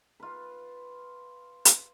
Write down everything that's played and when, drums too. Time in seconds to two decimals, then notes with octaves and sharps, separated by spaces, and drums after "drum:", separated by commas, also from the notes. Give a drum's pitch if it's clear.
0.20 F4 B4
1.65 drum: hi-hat